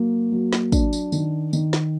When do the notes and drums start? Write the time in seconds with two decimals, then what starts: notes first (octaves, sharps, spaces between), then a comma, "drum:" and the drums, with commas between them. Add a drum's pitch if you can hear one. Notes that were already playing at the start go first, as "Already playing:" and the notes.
Already playing: F#3 A#3
0.32 F#3
0.53 drum: snare
0.72 D4, drum: kick, tambourine
0.93 drum: tambourine
1.12 D#3, drum: tambourine
1.53 D#3, drum: tambourine
1.73 drum: snare